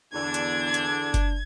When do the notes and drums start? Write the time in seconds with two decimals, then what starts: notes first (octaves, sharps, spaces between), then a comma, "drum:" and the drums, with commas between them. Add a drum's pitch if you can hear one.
0.14 E2 D3 D4 G#6
0.34 drum: hi-hat
0.74 drum: hi-hat
1.14 drum: kick F#1, hi-hat